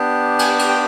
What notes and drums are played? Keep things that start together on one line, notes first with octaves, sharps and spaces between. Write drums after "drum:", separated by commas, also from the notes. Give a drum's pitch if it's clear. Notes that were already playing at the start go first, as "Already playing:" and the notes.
Already playing: B3 D4 G4
G#5, drum: cymbal
drum: cymbal
G5